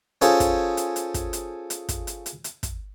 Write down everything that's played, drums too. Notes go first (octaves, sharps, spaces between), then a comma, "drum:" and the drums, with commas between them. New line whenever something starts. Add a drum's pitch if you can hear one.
C#4 F4 G#4 A4 C5, drum: hi-hat
drum: kick, hi-hat
drum: hi-hat
drum: hi-hat
drum: kick, hi-hat
drum: hi-hat
drum: hi-hat
drum: kick, hi-hat
drum: hi-hat
drum: hi-hat
drum: hi-hat
drum: kick, hi-hat